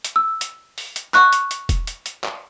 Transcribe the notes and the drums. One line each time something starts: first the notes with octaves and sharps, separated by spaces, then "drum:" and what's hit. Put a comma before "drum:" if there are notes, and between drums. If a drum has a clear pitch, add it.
drum: hi-hat
E6
drum: hi-hat
drum: open hi-hat
drum: hi-hat
C#6 F#6, drum: clap
drum: hi-hat
drum: hi-hat
drum: kick E1, hi-hat
drum: hi-hat
drum: hi-hat
drum: clap